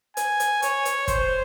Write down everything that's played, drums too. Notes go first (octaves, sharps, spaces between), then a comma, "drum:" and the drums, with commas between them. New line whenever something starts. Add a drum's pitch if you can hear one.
G#5, drum: hi-hat
drum: hi-hat
C#5, drum: hi-hat
drum: hi-hat
C5, drum: kick, hi-hat